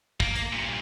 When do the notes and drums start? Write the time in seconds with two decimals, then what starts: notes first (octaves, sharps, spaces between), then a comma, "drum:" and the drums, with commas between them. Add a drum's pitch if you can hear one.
0.20 A#3, drum: kick
0.36 drum: hi-hat
0.53 G2 A#2